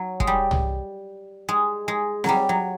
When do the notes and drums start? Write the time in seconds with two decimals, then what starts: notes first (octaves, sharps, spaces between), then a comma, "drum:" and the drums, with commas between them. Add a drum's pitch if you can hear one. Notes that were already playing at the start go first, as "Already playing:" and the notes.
Already playing: F#3
0.20 G#3, drum: kick
0.27 G3
0.51 drum: tom C2
1.49 G#3
1.88 G#3
2.24 F#3 G3, drum: snare C4
2.49 F#3